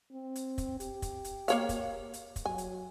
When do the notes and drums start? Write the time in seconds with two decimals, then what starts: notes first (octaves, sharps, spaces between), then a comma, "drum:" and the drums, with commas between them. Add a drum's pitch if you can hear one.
0.12 C4
0.36 drum: hi-hat
0.58 drum: kick, hi-hat
0.80 G4, drum: hi-hat
1.02 drum: kick, hi-hat
1.25 drum: hi-hat
1.48 A#3 C#5 F5, drum: hi-hat
1.69 drum: kick, hi-hat
2.14 drum: hi-hat
2.36 drum: kick, hi-hat
2.46 F#3 G#5
2.58 drum: hi-hat